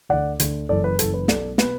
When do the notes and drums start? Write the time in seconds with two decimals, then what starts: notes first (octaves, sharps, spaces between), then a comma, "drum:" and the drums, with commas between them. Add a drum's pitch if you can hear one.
0.09 D2 D3 D5 F#5
0.40 D2 D3, drum: hi-hat
0.69 F#1 F#2 E3 A4 D5
0.84 B4
0.99 F#1 F#2 E3 A4, drum: hi-hat
1.14 B4
1.28 B1 B2 A4 D5, drum: snare
1.58 B2 B4, drum: snare